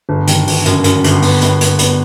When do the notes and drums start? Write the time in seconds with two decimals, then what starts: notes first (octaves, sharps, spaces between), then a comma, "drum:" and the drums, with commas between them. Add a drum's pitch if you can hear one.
0.09 G1
0.27 D#3, drum: hi-hat
0.47 G1, drum: open hi-hat
0.66 F#2, drum: hi-hat
0.84 F#2, drum: hi-hat
1.04 G1, drum: hi-hat
1.22 B3, drum: open hi-hat
1.41 B3, drum: hi-hat
1.61 B3, drum: hi-hat
1.78 B3, drum: hi-hat